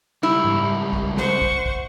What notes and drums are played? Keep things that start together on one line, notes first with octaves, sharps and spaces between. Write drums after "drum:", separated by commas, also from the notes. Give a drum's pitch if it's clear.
C#2 G3 E4
drum: tom G#2
drum: kick
C5 F#5 C#6, drum: snare
drum: kick
drum: kick